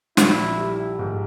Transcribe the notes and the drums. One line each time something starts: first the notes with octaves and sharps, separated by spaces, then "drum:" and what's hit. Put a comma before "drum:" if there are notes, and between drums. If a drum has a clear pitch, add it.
A#1 E4, drum: snare
G3
G#2